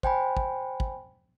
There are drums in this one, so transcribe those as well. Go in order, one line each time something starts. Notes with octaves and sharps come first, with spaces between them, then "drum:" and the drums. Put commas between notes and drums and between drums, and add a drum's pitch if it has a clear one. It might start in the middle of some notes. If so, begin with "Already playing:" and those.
C5 G5 G#5 B5, drum: kick
drum: kick
drum: kick